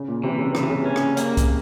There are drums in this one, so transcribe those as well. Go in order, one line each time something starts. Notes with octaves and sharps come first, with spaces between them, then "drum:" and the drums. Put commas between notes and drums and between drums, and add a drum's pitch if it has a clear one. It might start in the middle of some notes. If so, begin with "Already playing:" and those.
Already playing: C#3
A#2
C3 E3
C#3
C#3 E3, drum: rim click
C3
C#3
C#4
drum: rim click
A#3, drum: hi-hat
drum: kick C2, hi-hat